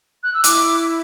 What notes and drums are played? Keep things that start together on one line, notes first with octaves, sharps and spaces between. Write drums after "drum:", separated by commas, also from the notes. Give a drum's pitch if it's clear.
F#6
E6
E4 D6, drum: hi-hat